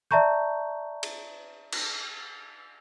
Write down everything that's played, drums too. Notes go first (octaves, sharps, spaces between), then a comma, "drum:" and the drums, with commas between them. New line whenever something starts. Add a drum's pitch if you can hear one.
D5 E5 A5 A#5 C#6 G6
drum: cymbal
drum: cymbal